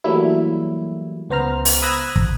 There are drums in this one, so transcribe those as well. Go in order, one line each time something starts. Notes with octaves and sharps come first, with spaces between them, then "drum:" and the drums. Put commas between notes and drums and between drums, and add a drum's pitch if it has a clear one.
E3 F#3 G3 A3 A#3 E4
C#2 B3 C5 A#5 F6
drum: open hi-hat
B5 D#6 E6 F#6 G#6 A#6
drum: kick